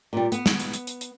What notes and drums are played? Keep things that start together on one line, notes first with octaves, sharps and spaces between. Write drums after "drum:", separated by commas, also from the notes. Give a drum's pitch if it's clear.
A#2 G3
B3, drum: hi-hat
drum: snare
drum: hi-hat
drum: hi-hat
drum: hi-hat
drum: hi-hat